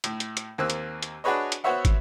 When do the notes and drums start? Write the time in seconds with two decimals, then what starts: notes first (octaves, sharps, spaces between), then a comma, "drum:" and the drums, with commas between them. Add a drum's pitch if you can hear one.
0.04 A2, drum: hi-hat
0.20 drum: hi-hat
0.37 drum: hi-hat
0.58 D#2 A#3 C4 E6 F#6
0.70 drum: hi-hat
1.03 drum: hi-hat
1.24 D4 F#4 G#4 B4 C#5 D#5
1.52 drum: hi-hat
1.64 B3 F#4 C5 C#5 E5 F#5
1.85 drum: kick, hi-hat